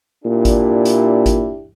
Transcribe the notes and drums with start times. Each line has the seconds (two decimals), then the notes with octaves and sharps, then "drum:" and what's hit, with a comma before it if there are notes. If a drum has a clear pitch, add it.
0.25 A#2 D4 E4 G4
0.45 drum: kick G#1, hi-hat
0.85 drum: hi-hat
1.26 drum: kick G#1, hi-hat